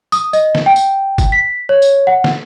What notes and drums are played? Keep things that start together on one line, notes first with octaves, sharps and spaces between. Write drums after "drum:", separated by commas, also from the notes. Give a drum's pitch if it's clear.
D#6, drum: tambourine
D#5, drum: tambourine
drum: snare
G5
drum: tambourine
drum: kick, tambourine
B6
C#5
drum: tambourine
F#5
drum: snare